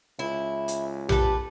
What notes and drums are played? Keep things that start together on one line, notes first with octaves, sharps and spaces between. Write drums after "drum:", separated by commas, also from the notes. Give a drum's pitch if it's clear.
C#2 E4
drum: hi-hat
G4 A4 B4, drum: tom A#1